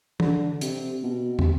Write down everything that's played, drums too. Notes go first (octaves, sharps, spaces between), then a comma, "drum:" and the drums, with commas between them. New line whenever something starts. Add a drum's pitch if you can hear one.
D3, drum: tom
C3, drum: hi-hat
B2
C3, drum: tom